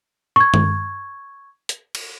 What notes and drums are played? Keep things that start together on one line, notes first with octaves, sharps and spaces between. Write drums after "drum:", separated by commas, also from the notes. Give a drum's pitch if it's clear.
C#6 G#6
drum: tom
drum: hi-hat
drum: cymbal